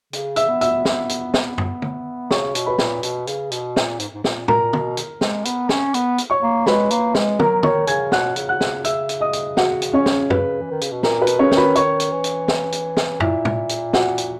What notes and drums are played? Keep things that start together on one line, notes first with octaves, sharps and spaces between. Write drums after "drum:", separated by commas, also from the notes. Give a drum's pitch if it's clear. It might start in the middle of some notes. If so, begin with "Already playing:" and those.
C#3, drum: hi-hat
E5 E6, drum: hi-hat
B3
E5 E6, drum: hi-hat
drum: snare
drum: hi-hat
drum: snare
drum: tom F#2
drum: tom
C#3 C#5 C#6, drum: snare
B2, drum: hi-hat
B4 B5
A#2, drum: snare
B2, drum: hi-hat
C#3, drum: hi-hat
B2, drum: hi-hat
A#2, drum: snare
G#2, drum: hi-hat
G#2
A#2, drum: snare
A#2 A#4 A#5, drum: tom
B2, drum: tom
drum: hi-hat
G#3, drum: snare
B3, drum: hi-hat
C#4, drum: snare
B3, drum: hi-hat
drum: hi-hat
C#5 C#6
A#3
G#3 B4 B5, drum: snare
A#3, drum: hi-hat
G#3, drum: snare
F#3 A#4 A#5, drum: tom
D#3 C#5 C#6, drum: tom
C#3 G#5 G#6, drum: hi-hat
B2 F#5 F#6, drum: snare
C#3, drum: hi-hat
F#5 F#6
C#3, drum: snare
C#3 E5 E6, drum: hi-hat
drum: hi-hat
D#5 D#6
drum: hi-hat
F#4 F#5, drum: snare
drum: hi-hat
C#4 C#5
drum: snare
B4, drum: tom F#2
E3
D#3
C#3, drum: hi-hat
B2
A#2 A#4, drum: snare
B4
B2, drum: hi-hat
C#3 C#4 C#5
D#3, drum: snare
B4 B5
D#3 C#5 C#6, drum: hi-hat
drum: hi-hat
E3
drum: hi-hat
drum: snare
drum: hi-hat
drum: snare
A#2 E4 E5, drum: tom F#2
drum: tom
drum: hi-hat
F#4 F#5, drum: snare
drum: hi-hat